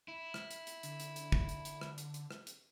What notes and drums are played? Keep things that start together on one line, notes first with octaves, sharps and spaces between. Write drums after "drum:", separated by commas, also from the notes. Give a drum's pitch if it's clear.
E4
drum: rim click
drum: hi-hat
drum: hi-hat
D3, drum: hi-hat
drum: hi-hat
drum: hi-hat
drum: kick
drum: hi-hat
drum: hi-hat
drum: rim click
drum: hi-hat
drum: hi-hat
drum: rim click
drum: hi-hat